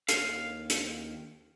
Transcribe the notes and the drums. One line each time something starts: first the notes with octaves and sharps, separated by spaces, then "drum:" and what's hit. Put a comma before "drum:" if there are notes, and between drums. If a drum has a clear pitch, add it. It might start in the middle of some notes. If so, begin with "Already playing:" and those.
D#2 F5, drum: hi-hat
drum: hi-hat